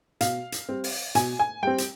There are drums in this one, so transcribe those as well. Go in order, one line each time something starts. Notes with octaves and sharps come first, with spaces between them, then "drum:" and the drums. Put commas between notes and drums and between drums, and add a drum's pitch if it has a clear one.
B2 F5, drum: hi-hat
drum: hi-hat
G3 C4
drum: open hi-hat
B2 G#5, drum: hi-hat
G#5
G3 C4 G5
drum: hi-hat